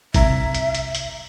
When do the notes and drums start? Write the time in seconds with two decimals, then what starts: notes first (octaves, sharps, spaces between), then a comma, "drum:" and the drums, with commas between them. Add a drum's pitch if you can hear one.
0.14 C2 E5 A#5, drum: kick, hi-hat
0.55 drum: hi-hat
0.75 drum: hi-hat
0.95 drum: hi-hat